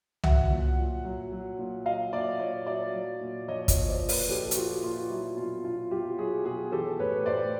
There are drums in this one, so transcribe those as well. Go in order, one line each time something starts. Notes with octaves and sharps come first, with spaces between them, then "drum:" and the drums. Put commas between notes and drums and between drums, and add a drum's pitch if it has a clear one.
F#3 E5 F#5, drum: tom C2
A#2
A#2
F#3
F#3
A#2
F#3 D#5 F5
A#2 D5 E5
A#2 C#5 D#5
F#3 D5 E5
F#3
A#2
F3 C#5 D#5
C#5 D#5, drum: kick, hi-hat
A#2
C5 D5
A#2
B4 C#5, drum: open hi-hat
F3 G4 A4
F#4, drum: hi-hat
F3 F4 G4
A#2 F4
F4
F#3 E4
B2 F4
B2 F4
F#3 F4 G4
F#3 F#4 G#4
B2 F#4 G#4
E3 G4 A4
A2 B4 C#5
A2 C5 D5